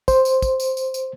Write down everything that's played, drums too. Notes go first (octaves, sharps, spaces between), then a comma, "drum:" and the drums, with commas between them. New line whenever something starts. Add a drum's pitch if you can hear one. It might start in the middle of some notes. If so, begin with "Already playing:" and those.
C5, drum: kick, tambourine
drum: tambourine
drum: kick, tambourine
drum: tambourine
drum: tambourine
drum: tambourine